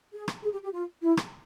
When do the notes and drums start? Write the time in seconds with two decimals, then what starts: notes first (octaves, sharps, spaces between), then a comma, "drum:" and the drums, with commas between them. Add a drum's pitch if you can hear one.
0.13 G#4
0.28 drum: rim click
0.42 G#4
0.52 G4
0.63 G4
0.73 F4
1.03 E4
1.17 drum: rim click